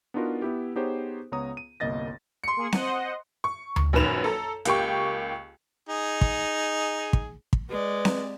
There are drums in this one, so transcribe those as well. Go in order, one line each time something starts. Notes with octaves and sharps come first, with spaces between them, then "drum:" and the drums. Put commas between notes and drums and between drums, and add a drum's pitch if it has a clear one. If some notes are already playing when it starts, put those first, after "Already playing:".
B3 D4 D#4 F4 F#4 A#4
B3 E4 G4
B3 D#4 G4 G#4 C5 C#5
C#2 B3 C#5 A#5 D#6
D#7
G1 C2 A#3 D#5 A6 A#6
C6 C#7
A#3 G#4
C5 D#5 F#5, drum: snare C4
C#6
drum: tom D2
A#1 F#2 D#3 B4 E7 F7
A4 A#5
C#2 A#3 G4 G5 C#6, drum: hi-hat
D#4 G#4
drum: kick
drum: kick
drum: kick
G#3 B4 D5
drum: snare C4